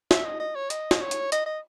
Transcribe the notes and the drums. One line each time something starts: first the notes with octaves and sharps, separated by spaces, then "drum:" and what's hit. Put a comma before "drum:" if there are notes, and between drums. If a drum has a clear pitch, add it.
E5, drum: snare
D#5
D#5
C#5
D#5, drum: hi-hat
drum: snare
C#5
drum: hi-hat
D#5, drum: hi-hat
D#5